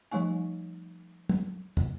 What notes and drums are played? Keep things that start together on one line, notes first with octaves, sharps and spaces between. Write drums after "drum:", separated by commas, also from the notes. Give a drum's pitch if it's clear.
F3 G3 A3 D#4 G#5
drum: tom
drum: tom